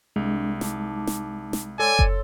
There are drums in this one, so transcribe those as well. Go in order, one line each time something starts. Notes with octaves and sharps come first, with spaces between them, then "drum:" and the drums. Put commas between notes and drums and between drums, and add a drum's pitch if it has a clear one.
C2 G#3 D4
D#4 A5 D6, drum: snare
drum: snare
drum: snare
A4 C#5 D5 G#5 C6 E6
drum: kick F#1